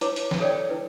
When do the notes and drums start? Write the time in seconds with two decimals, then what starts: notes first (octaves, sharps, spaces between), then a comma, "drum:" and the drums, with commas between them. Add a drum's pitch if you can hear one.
0.01 E4 B4 C#5 D6, drum: hi-hat
0.16 drum: hi-hat
0.31 drum: snare
0.41 A4 C#5 D5 G5
0.70 E4 B4